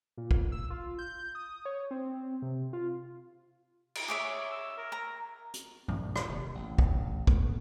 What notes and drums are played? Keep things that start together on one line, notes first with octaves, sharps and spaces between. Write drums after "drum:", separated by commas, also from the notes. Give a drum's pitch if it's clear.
A#2
drum: kick
E6
F4
G6
D#6
C#5
C4
C3
F4
drum: cymbal
G#4 C#5 E5 D6
E6
A#4
A#5
drum: hi-hat
A#1, drum: tom
drum: rim click
D#1 C3
A1
drum: kick
A2 A3 B3, drum: kick